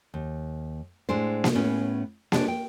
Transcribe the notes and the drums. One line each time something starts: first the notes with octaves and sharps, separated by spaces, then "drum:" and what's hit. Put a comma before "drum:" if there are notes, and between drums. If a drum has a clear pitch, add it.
D#2
A2 G#3 D4 C5
drum: snare A#3
A2 B3 C#4 G#4
G#3 D4 G4 B4 C#5, drum: snare A#3
G5